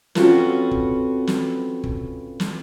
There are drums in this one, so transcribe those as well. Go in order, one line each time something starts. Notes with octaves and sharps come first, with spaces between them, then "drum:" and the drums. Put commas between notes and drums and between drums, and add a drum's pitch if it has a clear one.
C4 C#4 F4 F#4 A4 B4, drum: snare
drum: kick
drum: snare
drum: kick
drum: snare